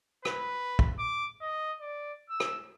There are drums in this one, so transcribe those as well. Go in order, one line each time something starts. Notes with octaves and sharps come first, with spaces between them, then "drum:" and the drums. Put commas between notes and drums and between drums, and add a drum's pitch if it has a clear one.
B4, drum: rim click
drum: kick
D6
D#5
D5
E6
drum: rim click